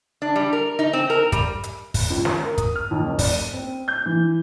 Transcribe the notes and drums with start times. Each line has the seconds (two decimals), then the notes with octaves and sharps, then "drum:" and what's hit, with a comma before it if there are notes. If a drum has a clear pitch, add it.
0.22 D4
0.36 G3
0.53 A#4
0.79 D#4
0.93 C4
1.10 A#4
1.32 G3, drum: kick, hi-hat
1.64 drum: hi-hat
1.94 drum: kick, open hi-hat
2.10 C#2
2.25 A#5, drum: snare
2.45 A#4
2.58 D#6, drum: kick, hi-hat
2.76 F6
2.91 D#2
3.04 F#1
3.19 D5, drum: kick, open hi-hat
3.30 D#7
3.53 C4
3.88 G6
4.06 E3